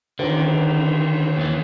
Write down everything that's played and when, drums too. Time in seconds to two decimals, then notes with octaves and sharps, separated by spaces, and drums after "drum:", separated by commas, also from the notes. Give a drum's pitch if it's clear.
0.19 D3 D#3, drum: cymbal
1.38 D#2 E3